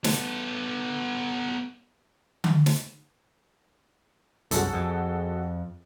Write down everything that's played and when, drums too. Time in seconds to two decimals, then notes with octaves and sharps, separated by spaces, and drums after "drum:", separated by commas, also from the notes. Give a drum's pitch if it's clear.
0.04 B3 A4, drum: snare
2.44 drum: tom D3
2.66 drum: snare
4.51 C2 F#2 F#4 G#4 A4, drum: hi-hat
4.73 F2